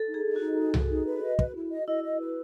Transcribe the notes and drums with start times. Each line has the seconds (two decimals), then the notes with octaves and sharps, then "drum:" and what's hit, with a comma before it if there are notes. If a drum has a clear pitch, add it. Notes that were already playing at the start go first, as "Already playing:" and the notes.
Already playing: A4
0.09 D#4
0.14 G#4
0.25 D#4
0.36 D#4 F#4
0.58 G#4
0.74 G#4, drum: tom C2
0.90 D#4
1.06 B4
1.23 D#5
1.39 B4, drum: kick
1.55 E4
1.71 D#5
1.87 E4 D#5
2.03 D#5
2.20 B4